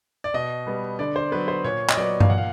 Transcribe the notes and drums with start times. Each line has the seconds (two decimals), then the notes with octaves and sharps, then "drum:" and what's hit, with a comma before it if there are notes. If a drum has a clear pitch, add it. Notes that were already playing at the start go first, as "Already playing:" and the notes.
0.24 D5
0.34 B2 D#5
0.67 G3 B3
0.99 D3 D5
1.16 C5
1.32 F#3 B3 B4
1.48 C5
1.64 A#2 C#5
1.89 D#5, drum: clap
1.97 F#3 B3 D5
2.20 F5, drum: tom G2
2.30 A#2 F#5
2.38 F5